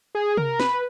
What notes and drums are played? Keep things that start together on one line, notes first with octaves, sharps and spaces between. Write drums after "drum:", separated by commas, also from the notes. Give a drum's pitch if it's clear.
G#4
A#4, drum: tom C3
B4, drum: snare